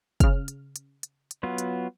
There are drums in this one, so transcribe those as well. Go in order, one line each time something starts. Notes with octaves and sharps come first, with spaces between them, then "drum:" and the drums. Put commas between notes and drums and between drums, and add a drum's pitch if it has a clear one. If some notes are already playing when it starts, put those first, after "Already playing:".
C#3 F6, drum: kick, hi-hat
drum: hi-hat
drum: hi-hat
drum: hi-hat
drum: hi-hat
F#3 B3 F4
drum: hi-hat